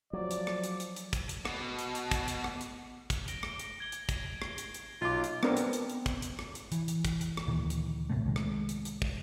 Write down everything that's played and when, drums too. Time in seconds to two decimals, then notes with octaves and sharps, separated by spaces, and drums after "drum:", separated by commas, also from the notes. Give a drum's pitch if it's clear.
0.13 F3 F#3 D5
0.31 drum: hi-hat
0.47 drum: rim click
0.64 drum: hi-hat
0.80 drum: hi-hat
0.96 drum: hi-hat
1.13 drum: kick, hi-hat
1.29 drum: hi-hat
1.45 B2, drum: rim click
1.79 drum: hi-hat
1.95 drum: hi-hat
2.11 drum: kick, hi-hat
2.28 drum: hi-hat
2.44 drum: rim click
2.61 drum: hi-hat
3.10 drum: kick, hi-hat
3.28 A#6 D7 G7, drum: hi-hat
3.43 drum: rim click
3.59 drum: hi-hat
3.80 G#6 G7
3.92 drum: hi-hat
4.09 drum: kick, hi-hat
4.42 drum: rim click
4.58 drum: hi-hat
4.74 drum: hi-hat
5.01 B1 F4 D6
5.24 drum: hi-hat
5.43 B3 C4 D4 A4 A#4, drum: rim click
5.57 drum: hi-hat
5.73 drum: hi-hat
5.89 drum: hi-hat
6.06 drum: kick, hi-hat
6.22 drum: hi-hat
6.39 drum: rim click
6.55 drum: hi-hat
6.72 E3, drum: hi-hat
6.88 drum: hi-hat
7.05 drum: kick, hi-hat
7.21 drum: hi-hat
7.37 drum: rim click
7.47 D2 A#2 D#3 E3
7.70 drum: hi-hat
8.10 C2 A2 C3 A3
8.24 C2 D#3 G#3
8.36 drum: rim click
8.69 drum: hi-hat
8.85 drum: hi-hat
9.02 drum: kick